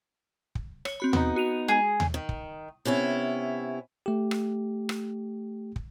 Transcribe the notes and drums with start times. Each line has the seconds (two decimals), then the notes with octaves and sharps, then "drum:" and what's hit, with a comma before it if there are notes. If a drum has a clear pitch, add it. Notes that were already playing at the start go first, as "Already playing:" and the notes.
0.55 drum: kick
0.85 C#5, drum: rim click
1.00 C4 F#4 B5
1.13 B3 D#4, drum: tom D#2
1.36 F#4 D#7 F7
1.68 G#3 G#4
2.00 drum: tom D#2
2.14 D#3
2.29 drum: kick
2.85 C3 B3 C#4 E4
4.06 A3 G4
4.31 drum: rim click
4.89 drum: rim click
5.76 drum: kick